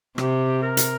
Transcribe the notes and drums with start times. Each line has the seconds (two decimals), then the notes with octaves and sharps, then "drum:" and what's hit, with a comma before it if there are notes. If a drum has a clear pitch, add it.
0.18 C3 G4, drum: rim click
0.62 A#4
0.77 drum: hi-hat